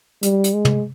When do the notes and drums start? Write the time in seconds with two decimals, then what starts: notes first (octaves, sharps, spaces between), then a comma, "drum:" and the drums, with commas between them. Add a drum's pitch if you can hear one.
0.22 G3, drum: hi-hat
0.44 drum: hi-hat
0.54 G#3
0.65 drum: tom